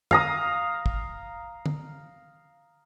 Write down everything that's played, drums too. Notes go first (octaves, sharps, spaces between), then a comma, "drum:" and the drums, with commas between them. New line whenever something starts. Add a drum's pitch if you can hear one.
F5 A#5 D#6, drum: tom
drum: kick
drum: tom D3